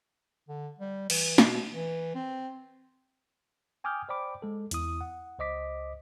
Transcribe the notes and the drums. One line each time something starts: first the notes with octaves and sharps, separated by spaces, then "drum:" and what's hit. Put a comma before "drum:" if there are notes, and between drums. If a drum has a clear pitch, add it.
D3
G3
E3, drum: cymbal
B2, drum: snare
E3
C4
G5 G#5 D6 D#6 F6 G6
C5 D5 G5 B5 D6
G#3 A4
E2 E4 D#6, drum: hi-hat
F#5
C#2 C5 D#5 D6 B6